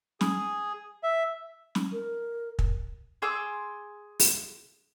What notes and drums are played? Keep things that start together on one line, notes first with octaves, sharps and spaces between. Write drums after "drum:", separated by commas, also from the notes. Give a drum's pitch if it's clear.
G#4, drum: snare
E5
drum: snare
A#4
drum: kick
G#4 C6 D6 E6
drum: open hi-hat